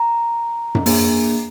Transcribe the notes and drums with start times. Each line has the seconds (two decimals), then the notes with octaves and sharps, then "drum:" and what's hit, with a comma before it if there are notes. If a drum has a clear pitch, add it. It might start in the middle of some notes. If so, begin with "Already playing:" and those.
Already playing: A#5
0.75 drum: tom F#2
0.86 A#3 D4 G#4, drum: open hi-hat